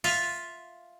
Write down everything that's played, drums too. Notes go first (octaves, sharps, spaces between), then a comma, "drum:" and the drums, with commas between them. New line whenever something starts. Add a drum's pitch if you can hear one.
F4 E5 F5, drum: open hi-hat